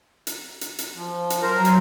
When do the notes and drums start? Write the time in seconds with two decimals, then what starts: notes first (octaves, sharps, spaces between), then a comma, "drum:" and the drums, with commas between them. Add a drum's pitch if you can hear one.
0.27 drum: hi-hat
0.61 drum: hi-hat
0.79 drum: hi-hat
0.96 F3
1.30 drum: hi-hat
1.42 F#3 A#4 C5 A#5
1.65 drum: hi-hat